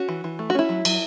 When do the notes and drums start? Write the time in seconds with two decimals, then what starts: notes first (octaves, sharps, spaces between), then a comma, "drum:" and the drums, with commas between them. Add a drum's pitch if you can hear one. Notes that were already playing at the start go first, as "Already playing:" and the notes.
Already playing: C#4 F#4
0.09 E3
0.24 E3
0.39 A3
0.50 F#4
0.55 C#4 E4
0.69 F#3
0.85 F#3, drum: cymbal